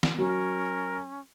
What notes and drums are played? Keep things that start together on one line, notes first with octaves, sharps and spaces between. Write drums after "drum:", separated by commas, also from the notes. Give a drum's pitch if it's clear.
drum: snare
F#3 C#4 A#4